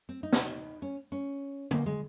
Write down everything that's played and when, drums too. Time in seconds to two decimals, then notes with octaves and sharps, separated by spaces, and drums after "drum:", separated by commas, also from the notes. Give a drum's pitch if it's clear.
0.09 C4
0.23 D#4
0.33 drum: snare
0.82 C#4
1.12 C#4
1.71 A#3, drum: tom
1.86 G#3